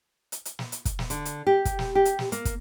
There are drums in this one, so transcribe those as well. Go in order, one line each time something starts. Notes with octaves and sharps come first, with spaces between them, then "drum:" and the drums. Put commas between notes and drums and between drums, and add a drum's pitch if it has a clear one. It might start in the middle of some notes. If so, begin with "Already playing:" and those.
drum: hi-hat
drum: hi-hat
drum: snare
drum: hi-hat
drum: kick, hi-hat
drum: snare
D3, drum: hi-hat
drum: hi-hat
G4
drum: kick, hi-hat
drum: snare
G4
drum: hi-hat
drum: snare
A#3, drum: hi-hat
drum: kick, hi-hat